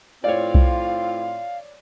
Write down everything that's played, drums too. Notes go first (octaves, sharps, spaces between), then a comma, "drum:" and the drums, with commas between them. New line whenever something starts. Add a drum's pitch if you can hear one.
A2 C4 F4 C#5 D5 F5
drum: kick B1